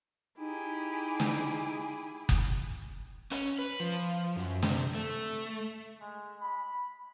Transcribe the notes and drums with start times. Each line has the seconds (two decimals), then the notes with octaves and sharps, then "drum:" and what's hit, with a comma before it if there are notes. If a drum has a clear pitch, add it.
0.39 D#4 E4 G4 G#4
1.20 drum: snare
2.29 drum: kick F#1
3.31 C#4, drum: hi-hat
3.59 B4
3.80 F3
4.36 F#2
4.62 C3, drum: snare
4.95 A3
6.01 G#3
6.40 B5